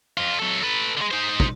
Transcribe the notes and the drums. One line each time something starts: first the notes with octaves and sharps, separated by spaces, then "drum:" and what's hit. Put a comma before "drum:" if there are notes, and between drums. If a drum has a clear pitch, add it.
F2 F4
F#3 A4
A4 B4
D3 G#3
D#4 C5
drum: kick